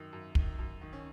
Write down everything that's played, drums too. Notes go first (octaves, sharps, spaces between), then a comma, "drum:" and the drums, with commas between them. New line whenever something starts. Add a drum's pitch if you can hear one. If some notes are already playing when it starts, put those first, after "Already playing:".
Already playing: F#2 D#3
F#2
D#3, drum: kick
F#2
D#3
C#4